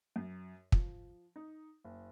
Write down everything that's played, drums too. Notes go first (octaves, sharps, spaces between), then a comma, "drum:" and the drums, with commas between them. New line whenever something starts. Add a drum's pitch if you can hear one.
F#2
F3, drum: kick
D#4
F#1